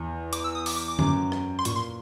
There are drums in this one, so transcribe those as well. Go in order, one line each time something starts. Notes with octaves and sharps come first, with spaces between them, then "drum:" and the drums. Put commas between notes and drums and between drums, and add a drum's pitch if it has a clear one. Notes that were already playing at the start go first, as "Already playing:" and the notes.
Already playing: E2
D6, drum: hi-hat
E6
D#6
D6, drum: open hi-hat
D6
D6
F#2, drum: tom D3
drum: rim click
C6
A#2 C#6, drum: hi-hat
C6